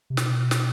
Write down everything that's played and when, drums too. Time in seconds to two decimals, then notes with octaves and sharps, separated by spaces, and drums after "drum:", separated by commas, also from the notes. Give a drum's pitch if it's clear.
0.10 C3
0.17 B2, drum: snare
0.51 drum: snare